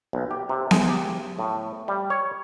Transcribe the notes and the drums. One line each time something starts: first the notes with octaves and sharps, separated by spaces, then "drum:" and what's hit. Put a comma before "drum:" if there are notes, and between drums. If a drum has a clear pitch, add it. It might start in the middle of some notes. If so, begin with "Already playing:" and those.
B1
G4
C3
G#4, drum: snare B3
G4
A2
G3
C#5